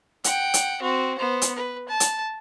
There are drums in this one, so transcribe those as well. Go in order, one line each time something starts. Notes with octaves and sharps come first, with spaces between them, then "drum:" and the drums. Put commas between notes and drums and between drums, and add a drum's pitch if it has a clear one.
F#5 G5, drum: hi-hat
drum: hi-hat
C4 F#4
B3 C5
drum: hi-hat
B4
A5
drum: hi-hat